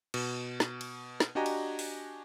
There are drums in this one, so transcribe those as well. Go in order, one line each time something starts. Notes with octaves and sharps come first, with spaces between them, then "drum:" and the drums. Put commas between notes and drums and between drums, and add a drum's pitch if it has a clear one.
B2, drum: cymbal
drum: snare
drum: cymbal
drum: snare
D4 F#4 G4 D#5 G#5 A#5
drum: cymbal
drum: open hi-hat